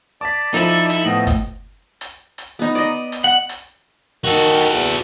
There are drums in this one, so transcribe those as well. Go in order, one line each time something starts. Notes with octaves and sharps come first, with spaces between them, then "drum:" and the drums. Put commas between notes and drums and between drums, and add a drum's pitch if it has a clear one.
D5 A5 D6 B6
F3 D#4 E4 A4, drum: hi-hat
drum: hi-hat
A2 B3 D#5
drum: kick, hi-hat
drum: hi-hat
drum: hi-hat
B3 D#4
D5 D#5
drum: hi-hat
F#5
drum: hi-hat
D#3 F#4 A4
drum: hi-hat
E2